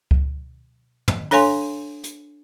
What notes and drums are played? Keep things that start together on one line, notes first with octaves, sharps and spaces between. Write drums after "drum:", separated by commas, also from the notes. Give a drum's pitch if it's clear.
drum: kick C#2
drum: tom
D4 A4 C#5 F5 G#5 C6, drum: open hi-hat
drum: hi-hat